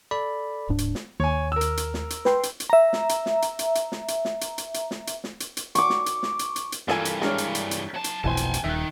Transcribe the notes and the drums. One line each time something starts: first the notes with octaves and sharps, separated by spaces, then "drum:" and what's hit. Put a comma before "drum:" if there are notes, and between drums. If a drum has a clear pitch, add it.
A4 D5 B5
D1 G#2 D4
drum: hi-hat
drum: snare
D#2 C#5 G#5
A#4 E6
drum: hi-hat
drum: hi-hat
drum: snare
drum: hi-hat
B4 G5 C6, drum: snare
drum: hi-hat
drum: hi-hat
E5 A#5
drum: snare
drum: hi-hat
drum: snare
drum: hi-hat
drum: hi-hat
drum: hi-hat
drum: snare
drum: hi-hat
drum: snare
drum: hi-hat
drum: hi-hat
drum: hi-hat
drum: snare
drum: hi-hat
drum: snare
drum: hi-hat
drum: hi-hat
C#6 D6, drum: hi-hat
drum: snare
drum: hi-hat
drum: snare
drum: hi-hat
drum: hi-hat
drum: hi-hat
G2 E3 A#3 F4 A4 G#5, drum: snare
drum: hi-hat
G#3 D4 A#4 C#5, drum: snare
drum: hi-hat
drum: hi-hat
drum: hi-hat
F#3 A5
drum: hi-hat
F1 B1 B2 E3 C5 G#5 A5
drum: hi-hat
drum: hi-hat
D#1 D#3 E5 F#6